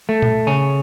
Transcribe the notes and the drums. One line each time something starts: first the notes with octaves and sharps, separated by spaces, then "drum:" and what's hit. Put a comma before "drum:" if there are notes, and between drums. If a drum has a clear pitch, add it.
A3
drum: tom A#2
C#3 C#4